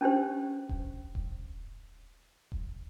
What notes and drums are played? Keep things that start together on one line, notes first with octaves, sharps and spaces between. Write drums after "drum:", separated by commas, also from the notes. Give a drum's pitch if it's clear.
C#4 D4 G4 C5
drum: kick D#1
drum: kick D#1
drum: kick D#1